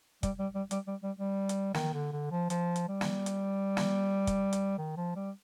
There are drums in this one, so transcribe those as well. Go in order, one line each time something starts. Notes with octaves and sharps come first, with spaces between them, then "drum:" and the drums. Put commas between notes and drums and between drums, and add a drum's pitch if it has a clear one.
G3, drum: kick, hi-hat
G3
G3
G3, drum: hi-hat
G3
G3
G3
drum: hi-hat
D#3, drum: snare
D3
D3
F3
F3, drum: hi-hat
drum: hi-hat
G3
drum: snare
drum: hi-hat
drum: snare
drum: kick, hi-hat
drum: hi-hat
D#3
F3
G3